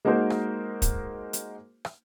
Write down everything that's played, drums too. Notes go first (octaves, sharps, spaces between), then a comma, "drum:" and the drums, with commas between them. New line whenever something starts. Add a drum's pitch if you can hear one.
G#3 A#3 D#4 F#4 A#4 C5
drum: rim click
drum: kick, hi-hat
drum: hi-hat
drum: rim click